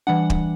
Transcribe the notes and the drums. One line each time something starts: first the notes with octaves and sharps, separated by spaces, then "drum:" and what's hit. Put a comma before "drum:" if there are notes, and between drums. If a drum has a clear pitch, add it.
E3 G3 D4 F#5
drum: kick